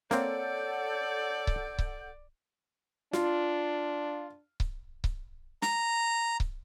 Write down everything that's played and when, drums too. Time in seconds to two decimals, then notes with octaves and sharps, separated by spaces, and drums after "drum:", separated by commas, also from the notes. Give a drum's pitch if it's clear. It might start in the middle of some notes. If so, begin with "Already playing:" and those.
0.11 A#3 C4 A4 C#5 D5 F#5 G6, drum: snare
1.47 drum: kick C#1
1.79 drum: kick C#1
3.13 D4 F4, drum: snare
4.60 drum: kick C#1
5.04 drum: kick C#1
5.62 A#5, drum: snare
6.40 drum: kick C#1